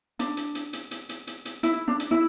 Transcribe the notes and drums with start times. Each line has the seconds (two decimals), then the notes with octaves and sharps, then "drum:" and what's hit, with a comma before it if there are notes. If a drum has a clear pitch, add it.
0.19 D4, drum: hi-hat
0.37 drum: hi-hat
0.55 drum: hi-hat
0.73 drum: hi-hat
0.91 drum: hi-hat
1.09 drum: hi-hat
1.27 drum: hi-hat
1.45 drum: hi-hat
1.63 E4, drum: hi-hat
1.88 D4
2.00 drum: hi-hat
2.11 E4